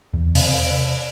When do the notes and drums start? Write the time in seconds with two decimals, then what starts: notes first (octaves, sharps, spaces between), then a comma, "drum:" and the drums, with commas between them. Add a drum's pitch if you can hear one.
0.13 E2
0.35 C3, drum: open hi-hat